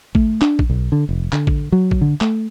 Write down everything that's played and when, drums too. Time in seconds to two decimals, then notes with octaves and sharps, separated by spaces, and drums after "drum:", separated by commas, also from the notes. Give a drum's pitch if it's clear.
0.15 A3, drum: kick A1
0.42 D4, drum: clap
0.59 drum: kick A1
0.70 B1
0.92 D3
1.09 F1
1.33 D3, drum: clap
1.47 drum: kick A1
1.72 F#3
1.91 drum: kick A1
2.01 D3
2.21 A3, drum: clap